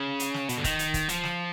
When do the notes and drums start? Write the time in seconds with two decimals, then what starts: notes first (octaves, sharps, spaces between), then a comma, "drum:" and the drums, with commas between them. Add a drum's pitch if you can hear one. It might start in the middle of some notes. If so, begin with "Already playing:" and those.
Already playing: C#3
0.20 drum: hi-hat
0.34 drum: snare
0.49 B2, drum: hi-hat
0.58 D3
0.64 D#3, drum: kick C#1, hi-hat
0.79 drum: hi-hat
0.94 drum: kick C#1, hi-hat
1.09 F3, drum: hi-hat
1.24 drum: snare